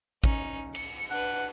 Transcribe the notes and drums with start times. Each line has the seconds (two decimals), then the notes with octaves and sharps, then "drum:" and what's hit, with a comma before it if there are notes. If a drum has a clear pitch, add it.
0.24 C#4 D#4, drum: kick
0.75 C#7, drum: cymbal
1.10 D4 B4 F#5